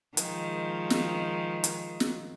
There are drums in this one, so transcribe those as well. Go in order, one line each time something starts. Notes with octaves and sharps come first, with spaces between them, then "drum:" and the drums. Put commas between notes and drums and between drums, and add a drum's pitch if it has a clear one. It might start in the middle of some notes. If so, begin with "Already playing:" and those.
D#3 F3 G#3, drum: hi-hat
drum: snare
drum: hi-hat
drum: snare